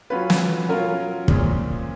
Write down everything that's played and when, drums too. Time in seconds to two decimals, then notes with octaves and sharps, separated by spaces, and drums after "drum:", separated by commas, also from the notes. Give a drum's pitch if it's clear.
0.10 F#3 C#4 F4 B4
0.30 drum: snare
0.68 F#3 C#4 F4 A#4
1.28 A#2 F3 G#3 C#4, drum: kick